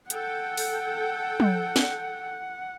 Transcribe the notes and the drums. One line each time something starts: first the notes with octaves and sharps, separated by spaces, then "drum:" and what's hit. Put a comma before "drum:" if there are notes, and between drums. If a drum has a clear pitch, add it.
A4 F#5 G5, drum: hi-hat
drum: open hi-hat
drum: tom
drum: snare